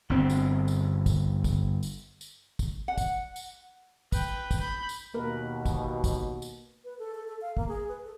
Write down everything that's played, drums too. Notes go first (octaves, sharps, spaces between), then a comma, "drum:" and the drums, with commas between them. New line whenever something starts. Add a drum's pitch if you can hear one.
G1 C4
drum: tambourine
drum: tambourine
drum: kick, tambourine
drum: kick, tambourine
drum: tambourine
drum: tambourine
drum: kick, tambourine
F#5
drum: kick, tambourine
drum: tambourine
B4 G5, drum: kick, tambourine
drum: kick, tambourine
B5 G6
drum: tambourine
D#2 B2 A#3 A#4 B4
drum: kick, tambourine
drum: kick, tambourine
drum: tambourine
B4
A4
A4
A4
F5
A#3, drum: kick
G#4
B4
A4